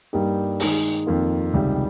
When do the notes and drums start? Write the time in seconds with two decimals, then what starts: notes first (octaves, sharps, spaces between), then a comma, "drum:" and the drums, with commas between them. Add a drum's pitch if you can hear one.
0.13 G2 G3 A#3 D#4 G4
0.60 D#3 G#3 D#4 G#4, drum: open hi-hat
1.07 F2 D#3 A#3 F4
1.53 C#2 C3 D#3 G3